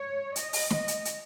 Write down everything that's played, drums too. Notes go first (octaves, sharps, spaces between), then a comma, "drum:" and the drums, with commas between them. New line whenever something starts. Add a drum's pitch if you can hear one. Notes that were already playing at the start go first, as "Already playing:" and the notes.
Already playing: C#5
D#5, drum: hi-hat
drum: open hi-hat
drum: snare
drum: hi-hat
drum: hi-hat